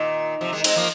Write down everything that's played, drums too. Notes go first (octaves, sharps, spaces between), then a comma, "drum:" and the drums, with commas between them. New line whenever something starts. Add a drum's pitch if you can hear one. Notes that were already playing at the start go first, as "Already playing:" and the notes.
Already playing: A#2 D#3
C3 F3
D#3 G#3
G#3 C4, drum: cymbal
F3 A#3